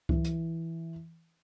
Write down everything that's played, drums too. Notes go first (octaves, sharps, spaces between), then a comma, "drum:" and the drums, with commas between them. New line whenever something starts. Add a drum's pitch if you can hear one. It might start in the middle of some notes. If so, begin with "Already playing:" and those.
E3, drum: kick C#2
drum: hi-hat